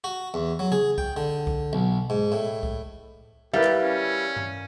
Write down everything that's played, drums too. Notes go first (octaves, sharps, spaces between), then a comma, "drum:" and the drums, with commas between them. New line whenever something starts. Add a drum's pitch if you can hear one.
F#4
E2
F#3
G#4, drum: tom C#3
G5, drum: kick C2
D3
drum: kick C2
B1
G#2
A2
drum: kick C2
G3 E4 G4 A#4 B4 F5
drum: clap
C#4
drum: tom G2